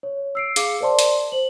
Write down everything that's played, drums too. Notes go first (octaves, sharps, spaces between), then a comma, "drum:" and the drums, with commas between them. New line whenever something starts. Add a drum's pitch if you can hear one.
C#5
E6 C7 D7
G#4 F5 D6 C#7, drum: hi-hat
A#4 C5 D5 A5 C6
drum: hi-hat
C5 F#7